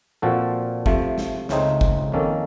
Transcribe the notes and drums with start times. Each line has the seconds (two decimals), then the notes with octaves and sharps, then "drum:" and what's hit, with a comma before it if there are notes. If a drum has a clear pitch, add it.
0.22 A#2 F3 C4 F#4 A4
0.86 C3 F3 A3, drum: kick G1
1.18 drum: snare
1.49 C#2 C#3 A3 C4 D#4, drum: snare
1.81 drum: kick G1
2.12 F2 D#3 A#3 C#4 A4